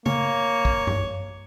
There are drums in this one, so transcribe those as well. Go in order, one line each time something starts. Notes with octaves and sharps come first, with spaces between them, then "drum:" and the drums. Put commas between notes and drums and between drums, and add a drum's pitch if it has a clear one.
A#3 C#5, drum: tom C#3
drum: kick
drum: tom G2